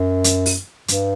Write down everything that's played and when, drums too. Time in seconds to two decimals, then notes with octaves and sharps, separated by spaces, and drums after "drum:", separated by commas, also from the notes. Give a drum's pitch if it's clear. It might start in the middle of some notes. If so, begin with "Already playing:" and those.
Already playing: F#2
0.24 drum: hi-hat
0.46 drum: open hi-hat
0.88 G2, drum: hi-hat